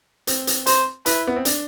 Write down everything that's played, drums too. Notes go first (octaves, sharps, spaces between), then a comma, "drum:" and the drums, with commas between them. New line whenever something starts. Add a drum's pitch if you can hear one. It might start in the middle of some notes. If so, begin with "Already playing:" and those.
C4, drum: hi-hat
drum: hi-hat
C5, drum: hi-hat
E4 B4, drum: hi-hat
B3
C4
D4, drum: hi-hat